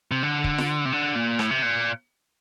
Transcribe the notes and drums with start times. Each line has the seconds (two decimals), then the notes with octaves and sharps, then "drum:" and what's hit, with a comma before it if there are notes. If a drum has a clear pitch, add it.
0.11 C3
0.23 D3
0.44 drum: kick
0.58 drum: snare F4
0.85 C3
0.92 D3
1.15 A#2
1.39 A2, drum: rim click
1.51 C3
1.62 A#2